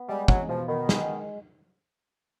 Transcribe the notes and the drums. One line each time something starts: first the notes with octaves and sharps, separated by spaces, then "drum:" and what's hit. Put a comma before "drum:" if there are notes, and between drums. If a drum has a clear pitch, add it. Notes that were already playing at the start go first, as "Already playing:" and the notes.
Already playing: B3
G3 G#3
E2 F#3, drum: kick
B2 F3
D#3 B3
G#3, drum: snare